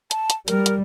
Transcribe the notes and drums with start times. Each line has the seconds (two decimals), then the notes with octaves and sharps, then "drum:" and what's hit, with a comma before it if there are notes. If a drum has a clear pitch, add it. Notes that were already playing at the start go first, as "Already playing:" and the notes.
0.11 A5, drum: hi-hat
0.30 drum: hi-hat
0.48 G3 A#4, drum: hi-hat
0.66 drum: hi-hat